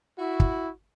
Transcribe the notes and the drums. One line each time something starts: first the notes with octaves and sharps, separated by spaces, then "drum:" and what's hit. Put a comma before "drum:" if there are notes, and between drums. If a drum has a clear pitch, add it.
E4 F#4
drum: kick